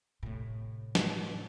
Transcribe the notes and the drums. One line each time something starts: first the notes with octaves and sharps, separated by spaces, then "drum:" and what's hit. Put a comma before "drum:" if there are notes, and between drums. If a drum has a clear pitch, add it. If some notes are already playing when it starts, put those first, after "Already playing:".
A2 C3
drum: snare